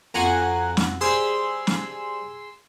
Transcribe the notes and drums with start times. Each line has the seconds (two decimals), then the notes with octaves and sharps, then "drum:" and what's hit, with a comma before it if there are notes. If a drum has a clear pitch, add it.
0.14 F2 F#4 F#5 G#5 A#5 C6
0.77 drum: snare
1.01 G3 G#4 C5 C6 E6
1.67 drum: snare